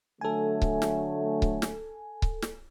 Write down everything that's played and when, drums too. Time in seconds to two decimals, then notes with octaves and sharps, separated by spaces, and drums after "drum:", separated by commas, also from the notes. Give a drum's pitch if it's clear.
0.21 D3 F#3 A3 A4 G#5
0.62 drum: kick C#1
0.82 drum: snare
1.42 drum: kick C#1
1.62 drum: snare
2.22 drum: kick C#1
2.42 drum: snare